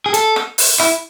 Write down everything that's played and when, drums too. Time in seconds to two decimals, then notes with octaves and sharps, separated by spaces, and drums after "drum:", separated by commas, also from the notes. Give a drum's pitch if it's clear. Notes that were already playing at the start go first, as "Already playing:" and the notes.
0.06 G#4
0.14 A4, drum: hi-hat
0.36 drum: rim click
0.58 drum: open hi-hat
0.80 E4, drum: rim click